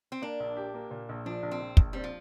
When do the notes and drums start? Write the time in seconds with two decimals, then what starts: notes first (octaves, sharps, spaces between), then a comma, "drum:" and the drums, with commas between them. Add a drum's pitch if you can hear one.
0.12 C4
0.22 A#3 D4
0.40 A#1
0.57 G4
0.74 A#3
0.91 A#2
1.09 A#1
1.26 F3 D4
1.43 A#1
1.51 C4
1.60 A#1
1.77 A#1, drum: kick
1.93 G3 C4
2.04 F3